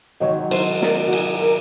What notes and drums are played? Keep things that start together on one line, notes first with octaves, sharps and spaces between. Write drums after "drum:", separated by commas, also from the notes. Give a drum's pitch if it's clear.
G#2 D#3 F#3 C#5
C5, drum: cymbal
A#4, drum: snare
F#4
G#4, drum: cymbal
A#4